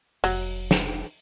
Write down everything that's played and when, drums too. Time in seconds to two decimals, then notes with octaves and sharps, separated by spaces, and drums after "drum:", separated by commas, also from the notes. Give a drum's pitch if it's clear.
0.24 F1 F#3, drum: open hi-hat
0.71 drum: snare